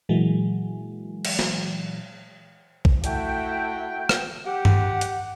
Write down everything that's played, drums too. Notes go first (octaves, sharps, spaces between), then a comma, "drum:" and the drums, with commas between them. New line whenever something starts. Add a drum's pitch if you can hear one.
A#2 E3 F#3 G#3
drum: cymbal
drum: snare
drum: kick A#1
A3 E4 F#4 G5, drum: hi-hat
drum: rim click
G4 F#5
drum: tom G2
drum: hi-hat